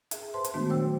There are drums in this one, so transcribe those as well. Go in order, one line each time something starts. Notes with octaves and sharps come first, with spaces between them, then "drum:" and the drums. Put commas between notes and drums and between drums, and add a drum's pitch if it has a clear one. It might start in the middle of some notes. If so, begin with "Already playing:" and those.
G#4 E5, drum: hi-hat
B4 C5 A5 C6
drum: hi-hat
D#3 G#3 A3 B3 D4 F#4
A#2 F#3 C5 C#5 G5 E6